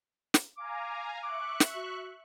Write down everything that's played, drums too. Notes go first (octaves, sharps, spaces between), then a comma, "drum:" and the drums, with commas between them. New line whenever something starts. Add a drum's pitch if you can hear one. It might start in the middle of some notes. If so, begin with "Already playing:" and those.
drum: snare
F5 G#5 A#5 D6
E5 C#6 D6 F#6
drum: snare
F#4